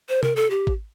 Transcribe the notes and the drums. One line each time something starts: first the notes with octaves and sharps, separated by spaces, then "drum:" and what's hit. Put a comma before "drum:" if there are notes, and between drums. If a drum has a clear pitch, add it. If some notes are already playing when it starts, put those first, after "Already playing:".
C5
A#4, drum: tom C3
A4
G4
drum: kick G#1